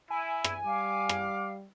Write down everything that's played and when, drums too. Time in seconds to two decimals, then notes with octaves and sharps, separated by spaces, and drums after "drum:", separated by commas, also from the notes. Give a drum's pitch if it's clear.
0.10 E4 G#5
0.44 drum: rim click
0.66 G3 F5 D6
1.09 drum: rim click